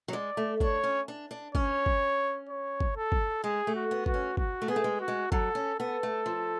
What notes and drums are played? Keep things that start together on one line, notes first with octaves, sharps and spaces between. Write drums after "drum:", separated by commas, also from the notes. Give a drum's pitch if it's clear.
F#3
G#3 D5
A3
D4 C#5, drum: kick
C#4
D4
D4
C#4 C#5, drum: kick
drum: kick
C#5
drum: kick
A4
drum: kick
G#3 G#4
A3
F#4
B3
F#4, drum: kick
C#4
F#4, drum: kick
A3
B3 G#4
A3
G#3
F#4
G#3
F#3 A4, drum: kick
C#4
B3 A4
A3
F3